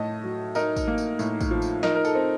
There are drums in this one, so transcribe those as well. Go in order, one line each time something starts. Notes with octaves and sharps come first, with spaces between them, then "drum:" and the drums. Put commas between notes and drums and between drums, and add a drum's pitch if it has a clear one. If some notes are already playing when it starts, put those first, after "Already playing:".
Already playing: A2 A3 D#5 A5
F#3
D#4 A#4, drum: tambourine
drum: kick, tambourine
A#3
drum: tambourine
A2, drum: tambourine
drum: kick, tambourine
F3
drum: tambourine
D#4 A#4, drum: snare
A#4
A4, drum: tambourine
C4